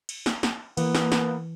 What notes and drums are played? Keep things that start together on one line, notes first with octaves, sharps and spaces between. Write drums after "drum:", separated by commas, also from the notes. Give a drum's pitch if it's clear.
drum: cymbal
drum: snare
drum: snare
E3 A#3 B3, drum: cymbal
drum: snare
drum: snare